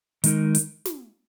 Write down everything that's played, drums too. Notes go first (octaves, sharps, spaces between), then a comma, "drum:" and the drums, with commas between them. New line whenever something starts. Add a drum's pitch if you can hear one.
D#3 G#3 D#4 A#4, drum: hi-hat
drum: hi-hat
drum: snare